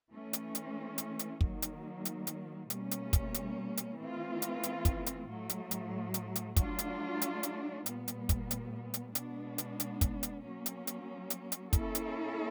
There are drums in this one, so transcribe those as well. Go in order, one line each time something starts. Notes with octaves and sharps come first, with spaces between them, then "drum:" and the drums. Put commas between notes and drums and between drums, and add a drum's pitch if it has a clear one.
E3 A3 C#4
drum: hi-hat
drum: hi-hat
drum: hi-hat
drum: hi-hat
D#3 F#3 A#3, drum: kick
drum: hi-hat
drum: hi-hat
drum: hi-hat
B2 G3 A#3 C#4, drum: hi-hat
drum: hi-hat
drum: kick, hi-hat
drum: hi-hat
drum: hi-hat
E3 A3 C4 F4
drum: hi-hat
drum: hi-hat
drum: kick, hi-hat
drum: hi-hat
A2 F#3 A3
drum: hi-hat
drum: hi-hat
drum: hi-hat
drum: hi-hat
F#3 A3 D4 F4, drum: kick, hi-hat
drum: hi-hat
drum: hi-hat
drum: hi-hat
A#2 G3 B3, drum: hi-hat
drum: hi-hat
drum: kick, hi-hat
drum: hi-hat
drum: hi-hat
B2 G#3 B3 D4, drum: hi-hat
drum: hi-hat
drum: hi-hat
drum: kick, hi-hat
drum: hi-hat
F#3 A#3 C#4
drum: hi-hat
drum: hi-hat
drum: hi-hat
drum: hi-hat
A#3 C#4 E4 A4, drum: kick, hi-hat
drum: hi-hat